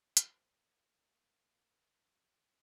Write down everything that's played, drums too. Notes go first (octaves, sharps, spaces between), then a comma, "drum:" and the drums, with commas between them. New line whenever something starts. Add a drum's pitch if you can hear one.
A#3 C5, drum: hi-hat